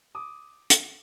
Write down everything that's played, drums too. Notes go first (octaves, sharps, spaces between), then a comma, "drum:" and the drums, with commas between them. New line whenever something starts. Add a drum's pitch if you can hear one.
D6 D#6
drum: hi-hat